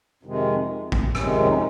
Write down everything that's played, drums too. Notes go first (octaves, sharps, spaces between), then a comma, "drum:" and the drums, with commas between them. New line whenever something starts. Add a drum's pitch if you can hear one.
F2 C3 D#3 G#3
drum: kick
F2 C3 D#3 G#3 C#4, drum: rim click
C#4
D#4
C#4